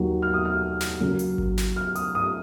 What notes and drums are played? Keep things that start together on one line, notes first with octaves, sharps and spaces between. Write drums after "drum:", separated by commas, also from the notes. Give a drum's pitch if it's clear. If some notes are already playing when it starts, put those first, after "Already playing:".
Already playing: D#2 D#3 F#3
F6
D#6
F6
drum: snare
F#2 C#3 F#3 A#3
drum: hi-hat
drum: kick G#1
drum: snare
F6
D#6, drum: hi-hat
D#6